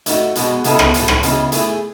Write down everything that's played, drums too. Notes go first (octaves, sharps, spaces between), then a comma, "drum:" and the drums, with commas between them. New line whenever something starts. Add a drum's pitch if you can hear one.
A3 D#4 F#4, drum: hi-hat
B2 G#3 B3 F#4, drum: hi-hat
C#3 G#3 B3 E4 A4, drum: hi-hat
drum: rim click
A2 E3 A3, drum: hi-hat
drum: rim click
C#3 G#3 B3 E4, drum: hi-hat
A3 E4 G#4, drum: hi-hat